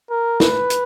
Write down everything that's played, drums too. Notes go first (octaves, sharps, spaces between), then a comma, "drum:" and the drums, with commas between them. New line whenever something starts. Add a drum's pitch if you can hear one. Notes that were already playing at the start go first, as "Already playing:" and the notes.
A#4
B4, drum: snare
drum: hi-hat